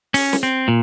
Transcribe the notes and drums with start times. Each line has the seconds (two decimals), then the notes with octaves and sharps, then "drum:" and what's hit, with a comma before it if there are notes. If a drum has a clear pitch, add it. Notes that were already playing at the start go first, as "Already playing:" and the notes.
0.14 C#4, drum: open hi-hat
0.33 drum: snare
0.43 C4
0.68 A#2